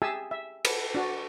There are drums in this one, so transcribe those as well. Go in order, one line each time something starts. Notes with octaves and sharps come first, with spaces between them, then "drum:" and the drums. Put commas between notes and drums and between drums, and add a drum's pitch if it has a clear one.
G4 G#4 E5 G#5 A5 E6
E5
B4, drum: cymbal
D4 F#4